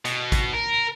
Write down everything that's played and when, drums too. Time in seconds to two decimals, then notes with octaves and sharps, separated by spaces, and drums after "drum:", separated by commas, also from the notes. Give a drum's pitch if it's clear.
0.05 B2, drum: hi-hat
0.32 drum: kick, hi-hat
0.54 A#4